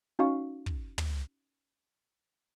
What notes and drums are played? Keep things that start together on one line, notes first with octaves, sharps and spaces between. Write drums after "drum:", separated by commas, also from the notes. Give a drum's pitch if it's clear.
C#4 D#4 F#4 F5 C#6
drum: kick
drum: tom